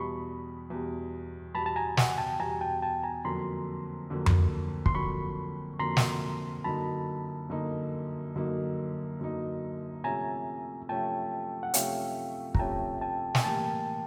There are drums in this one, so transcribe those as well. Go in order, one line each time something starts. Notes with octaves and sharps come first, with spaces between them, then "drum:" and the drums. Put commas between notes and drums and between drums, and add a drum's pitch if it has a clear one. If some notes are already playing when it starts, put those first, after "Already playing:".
Already playing: E2 B2 G3 B5 C#6
E2 B2 G3
E2 B2 G3 A5 B5
A5
G#5 A#5
F#5 G#5, drum: snare
G5 A5
E2 B2 G3 G#5 A#5
G5 A5
G5 A5
G#5 A#5
F2 D3 F#3 A#3 A#5 C6
F2 D3 F#3 A#3
drum: tom F2
C6, drum: kick
F2 D3 F#3 A#3 B5 C#6
F2 D3 F#3 A#3 A#5 C6
drum: snare
F#2 D3 F#3 A#3 D#4 A5 B5
F#2 D3 F#3 A#3 D#4
F#2 D3 F#3 A#3 D#4
F#2 D3 F#3 A#3 D#4
C3 F3 A3 C#4 G#5 A#5
C3 F3 A3 C#4 G5 A5
F#5
C3 F3 A3 C#4 F5 G5, drum: hi-hat
A#5, drum: kick
C3 F3 A3 C#4 G5 A5
G5 A5
G#5, drum: snare
A2 E3 G3 A#3 G5 A5